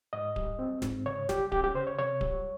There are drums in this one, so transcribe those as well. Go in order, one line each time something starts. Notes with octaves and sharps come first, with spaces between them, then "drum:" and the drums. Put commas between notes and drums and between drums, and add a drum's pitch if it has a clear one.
G#2 D#5
G3, drum: kick D1
C4
G#2, drum: snare
C#3 C#5
G3 G4, drum: snare
C#4 G4, drum: kick D1
G4
C#3 C5
C#5
C3 C#5
G3, drum: kick D1